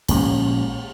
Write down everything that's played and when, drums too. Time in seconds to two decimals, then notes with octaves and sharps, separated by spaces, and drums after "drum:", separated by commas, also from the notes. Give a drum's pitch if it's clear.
0.09 A#1 A#2 G#3 C#4, drum: cymbal